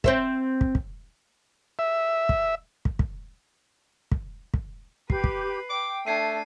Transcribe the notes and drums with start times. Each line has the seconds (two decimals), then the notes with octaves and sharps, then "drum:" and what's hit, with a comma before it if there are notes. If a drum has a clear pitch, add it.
0.04 C4 C5 E5, drum: kick
0.61 drum: kick
0.75 drum: kick
1.79 E5
2.29 drum: kick
2.85 drum: kick
2.99 drum: kick
4.12 drum: kick
4.54 drum: kick
5.10 G4 B4 C7, drum: kick
5.24 drum: kick
5.70 G5 D6
6.07 A3 D4 G#6 C7 D#7